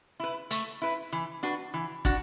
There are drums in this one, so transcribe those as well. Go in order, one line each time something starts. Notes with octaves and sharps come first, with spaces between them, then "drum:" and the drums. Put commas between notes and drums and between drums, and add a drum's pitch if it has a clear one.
E4 B4
A3, drum: hi-hat
E4 B4
E3
D4 F#4 B4
E3
D4 F#4, drum: kick